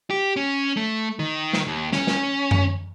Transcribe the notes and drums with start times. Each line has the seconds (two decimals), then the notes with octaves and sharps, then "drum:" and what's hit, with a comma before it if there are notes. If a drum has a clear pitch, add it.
0.10 G4
0.36 C#4
0.77 A3
1.19 D#3
1.53 drum: snare
1.67 D#2
1.93 C#4, drum: snare
2.07 drum: snare
2.51 drum: tom F#2